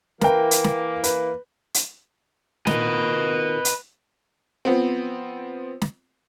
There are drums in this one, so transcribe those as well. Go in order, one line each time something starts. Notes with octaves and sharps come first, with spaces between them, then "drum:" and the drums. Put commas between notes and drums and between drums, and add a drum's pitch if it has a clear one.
E3 A#3 A#4 B4 G5, drum: snare
drum: hi-hat
drum: snare
B4, drum: hi-hat
drum: hi-hat
A#2 D#3 B4 D#5, drum: snare
drum: hi-hat
F3 B3 C4
drum: snare